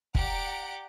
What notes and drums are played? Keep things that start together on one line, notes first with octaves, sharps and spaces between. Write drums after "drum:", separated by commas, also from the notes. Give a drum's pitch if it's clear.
G4 D5 F#5 A#5 D7, drum: kick